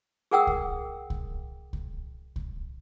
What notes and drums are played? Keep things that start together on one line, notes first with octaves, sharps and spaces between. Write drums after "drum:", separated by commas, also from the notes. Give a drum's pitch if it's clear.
G#4 A#4 F#5 G5 D#6 E6
drum: kick C2
drum: kick C2
drum: kick C2
drum: kick C2